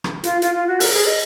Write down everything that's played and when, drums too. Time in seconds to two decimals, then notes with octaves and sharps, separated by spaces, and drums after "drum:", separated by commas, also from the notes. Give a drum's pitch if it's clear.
0.04 drum: rim click
0.24 F4, drum: hi-hat
0.42 F4, drum: hi-hat
0.55 F4
0.67 F#4
0.80 A#4, drum: open hi-hat
0.93 G#4
1.06 D#5